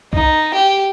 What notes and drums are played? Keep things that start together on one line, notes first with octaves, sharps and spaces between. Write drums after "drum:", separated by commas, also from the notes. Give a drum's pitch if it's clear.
D#4, drum: kick C2
G4